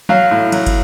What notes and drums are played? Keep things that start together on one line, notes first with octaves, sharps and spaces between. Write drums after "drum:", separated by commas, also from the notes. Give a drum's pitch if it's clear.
F#3 F5, drum: tom F#3
A2
F#3, drum: cymbal
drum: kick, cymbal